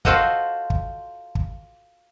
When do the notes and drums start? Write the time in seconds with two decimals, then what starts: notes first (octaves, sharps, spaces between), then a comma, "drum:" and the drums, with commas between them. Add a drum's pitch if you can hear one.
0.05 F4 F#4 A4 C5 D#5 F#5, drum: kick
0.70 drum: kick
1.35 drum: kick